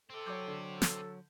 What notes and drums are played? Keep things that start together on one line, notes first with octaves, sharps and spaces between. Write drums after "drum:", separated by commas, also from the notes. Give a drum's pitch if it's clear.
C4 G4 A4
F#3 C#5 D6 G6
D3
A4
drum: snare